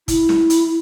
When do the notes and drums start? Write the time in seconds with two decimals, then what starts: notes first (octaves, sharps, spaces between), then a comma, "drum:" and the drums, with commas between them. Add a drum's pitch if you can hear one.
0.08 E4, drum: kick, hi-hat
0.29 drum: snare
0.50 drum: hi-hat